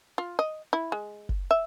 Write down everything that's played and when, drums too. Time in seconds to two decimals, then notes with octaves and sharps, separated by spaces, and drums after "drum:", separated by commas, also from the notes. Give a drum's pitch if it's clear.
0.18 F4
0.39 D#5
0.73 E4
0.92 G#3
1.29 drum: kick
1.51 E5